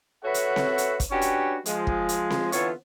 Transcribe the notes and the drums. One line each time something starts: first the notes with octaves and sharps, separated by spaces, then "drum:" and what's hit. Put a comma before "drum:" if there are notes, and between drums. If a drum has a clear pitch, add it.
F#4 A4 B4 C#5 E5 F#5
drum: hi-hat
drum: snare C4
drum: hi-hat
drum: kick, hi-hat
C#4 D4 F#4 G4 B4 C#5
drum: hi-hat
F3 G#3, drum: hi-hat
drum: kick
drum: hi-hat
drum: snare C4
D3 E3 B3 F4 A4 C#5, drum: hi-hat